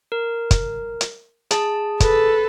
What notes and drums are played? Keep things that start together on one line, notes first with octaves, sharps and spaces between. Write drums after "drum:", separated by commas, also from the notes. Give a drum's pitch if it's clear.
A#4
drum: kick, hi-hat
drum: hi-hat
G#4 A5, drum: hi-hat
A4 B4, drum: kick, hi-hat